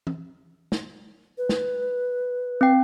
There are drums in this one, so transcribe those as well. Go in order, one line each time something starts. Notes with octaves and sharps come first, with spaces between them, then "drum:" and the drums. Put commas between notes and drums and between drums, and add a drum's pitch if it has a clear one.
drum: tom E3
drum: snare
B4
drum: snare
C4 G5